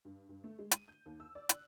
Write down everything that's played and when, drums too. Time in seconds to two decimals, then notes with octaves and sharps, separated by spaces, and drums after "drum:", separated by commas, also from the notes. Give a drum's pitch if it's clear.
0.05 G2
0.29 G2
0.44 A3
0.59 G#3
0.71 D#7, drum: hi-hat
0.88 G6
1.06 D#2
1.20 E6
1.35 D5
1.49 F#6, drum: hi-hat